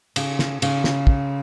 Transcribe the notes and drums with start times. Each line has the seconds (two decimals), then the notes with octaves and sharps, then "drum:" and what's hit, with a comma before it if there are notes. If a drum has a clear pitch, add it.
0.16 C#3, drum: cymbal
0.39 drum: snare
0.62 C#3, drum: cymbal
0.84 drum: snare
1.07 drum: kick